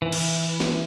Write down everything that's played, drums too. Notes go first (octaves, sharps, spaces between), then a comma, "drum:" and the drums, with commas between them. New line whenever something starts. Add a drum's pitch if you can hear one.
E3
drum: cymbal
drum: snare